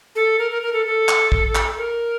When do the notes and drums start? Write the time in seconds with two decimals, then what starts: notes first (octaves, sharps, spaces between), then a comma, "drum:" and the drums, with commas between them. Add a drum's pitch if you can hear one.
0.16 A4
0.39 A#4
0.51 A#4
0.62 A#4
0.73 A4
0.86 A4
1.09 drum: clap
1.32 drum: kick
1.55 drum: clap
1.78 A#4